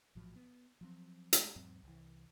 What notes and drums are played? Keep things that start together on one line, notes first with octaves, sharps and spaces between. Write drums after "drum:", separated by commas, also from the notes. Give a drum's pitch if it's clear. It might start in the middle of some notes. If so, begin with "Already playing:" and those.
A#1 A2 F3 F#3
B3
F3 F#3 C4
G#3 A3, drum: hi-hat
E2 G#2 F#3 C4
C2 E3